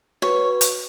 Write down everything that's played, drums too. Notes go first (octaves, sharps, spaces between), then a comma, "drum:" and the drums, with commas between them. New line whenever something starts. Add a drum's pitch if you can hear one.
F#4 B4 C#5
drum: hi-hat